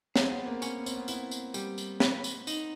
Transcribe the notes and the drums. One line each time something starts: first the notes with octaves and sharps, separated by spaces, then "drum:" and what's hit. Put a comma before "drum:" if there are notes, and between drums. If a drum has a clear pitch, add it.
B3 G#4, drum: snare
C4
B3
A#3
C#4, drum: tambourine
B3
C4, drum: tambourine
B3
B3 E4, drum: tambourine
drum: tambourine
G3, drum: tambourine
drum: tambourine
B4, drum: snare
drum: tambourine
D#4, drum: tambourine